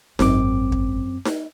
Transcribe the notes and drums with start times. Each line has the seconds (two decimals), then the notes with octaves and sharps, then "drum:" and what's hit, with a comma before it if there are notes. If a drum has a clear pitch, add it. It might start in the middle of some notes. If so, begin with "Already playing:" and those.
0.19 G#1 F#2 C4 D6, drum: snare D#4
0.72 drum: kick
1.25 drum: snare D#4